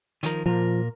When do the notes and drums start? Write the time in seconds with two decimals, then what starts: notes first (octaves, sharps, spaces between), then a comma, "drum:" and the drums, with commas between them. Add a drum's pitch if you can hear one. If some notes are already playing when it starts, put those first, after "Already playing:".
0.23 D#3 F3 A#4, drum: hi-hat
0.46 A#2 F3 A#4